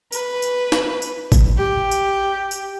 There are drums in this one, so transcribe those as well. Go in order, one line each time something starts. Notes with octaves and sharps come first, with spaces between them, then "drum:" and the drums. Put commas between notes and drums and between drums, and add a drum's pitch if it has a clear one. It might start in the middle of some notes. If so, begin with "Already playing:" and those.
B4, drum: tambourine
drum: tambourine
drum: snare
drum: tambourine
drum: kick G#1, tambourine
G4
drum: tambourine
drum: tambourine